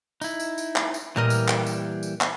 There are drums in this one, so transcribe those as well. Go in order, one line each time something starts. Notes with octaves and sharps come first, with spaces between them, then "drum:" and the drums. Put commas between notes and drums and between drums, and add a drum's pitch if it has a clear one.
D#4 E4, drum: tambourine
drum: tambourine
drum: tambourine
drum: clap
drum: tambourine
A#2 E3 G3 A#4 D#5 F6
drum: tambourine
drum: clap
drum: tambourine
drum: tambourine
drum: clap